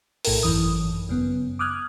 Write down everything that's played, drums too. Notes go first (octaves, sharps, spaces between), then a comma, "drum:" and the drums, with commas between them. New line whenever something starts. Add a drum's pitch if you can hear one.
B1 A2 A4 A#4, drum: open hi-hat
G#1 F#2 E3 D#6
F#2 C#3 B3
D6 D#6 F6 F#6 G#6